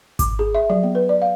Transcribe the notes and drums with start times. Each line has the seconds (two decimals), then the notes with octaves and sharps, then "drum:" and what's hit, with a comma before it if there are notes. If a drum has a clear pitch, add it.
0.19 D6, drum: kick G#1, hi-hat
0.39 G#4
0.55 E5
0.70 F#3
0.83 B3
0.95 B4
1.09 D5
1.22 F5